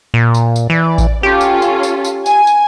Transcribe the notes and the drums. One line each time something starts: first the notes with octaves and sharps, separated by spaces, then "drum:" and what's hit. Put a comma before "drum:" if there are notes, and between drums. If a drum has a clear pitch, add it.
A#2
drum: tambourine
drum: tambourine
E3 D5
drum: kick A1, tambourine
C#4 F4 G4 A4
drum: tambourine
drum: tambourine
drum: tambourine
drum: tambourine
G#5, drum: tambourine
drum: tambourine